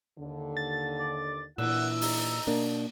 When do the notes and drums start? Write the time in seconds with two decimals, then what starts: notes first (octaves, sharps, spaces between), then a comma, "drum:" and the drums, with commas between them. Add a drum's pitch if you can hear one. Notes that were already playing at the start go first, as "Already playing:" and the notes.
0.18 D#2 D3
0.57 A6
0.99 D5
1.58 A#2 E3 D4 E4 F#5 E6, drum: cymbal
2.01 D#4, drum: open hi-hat
2.47 B2 A#3 D4